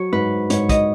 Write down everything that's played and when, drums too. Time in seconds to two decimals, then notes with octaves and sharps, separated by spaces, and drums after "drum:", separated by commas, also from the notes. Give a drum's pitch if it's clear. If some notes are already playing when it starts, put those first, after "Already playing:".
Already playing: F#3 C#5
0.13 G#2 B4
0.50 G#2 C#5, drum: hi-hat
0.69 D#5, drum: kick, hi-hat